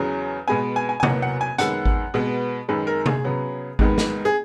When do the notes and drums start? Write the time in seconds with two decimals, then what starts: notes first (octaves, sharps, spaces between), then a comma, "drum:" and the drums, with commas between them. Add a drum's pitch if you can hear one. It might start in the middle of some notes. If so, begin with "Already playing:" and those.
Already playing: E2 C#3 F#3
0.48 B2 G#3 B3 G#5
0.76 G#5
0.89 G#5
1.00 G#5
1.03 E2 B2 F#3 A#3 F#5, drum: tom C3
1.22 F#5
1.41 G#5
1.58 F#2 D#3 G#3 B3 F#5, drum: hi-hat
1.85 drum: kick G#1
2.14 B2 G#3 B3
2.69 F#2 D#3 G#3 B4
2.87 A#4
3.06 G#4, drum: tom C3
3.24 C#3 F#3 B3
3.79 G#2 D#3 G#3 B3, drum: kick G#1
3.98 drum: snare
4.25 G#4